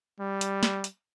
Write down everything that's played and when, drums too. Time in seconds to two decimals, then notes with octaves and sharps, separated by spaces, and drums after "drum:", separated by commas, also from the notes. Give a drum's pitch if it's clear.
0.20 G3
0.41 drum: hi-hat
0.63 drum: snare
0.84 drum: hi-hat